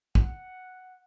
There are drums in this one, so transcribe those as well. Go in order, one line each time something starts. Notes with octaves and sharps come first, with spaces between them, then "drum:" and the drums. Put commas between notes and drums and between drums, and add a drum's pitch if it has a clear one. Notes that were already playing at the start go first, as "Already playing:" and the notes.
F#5, drum: kick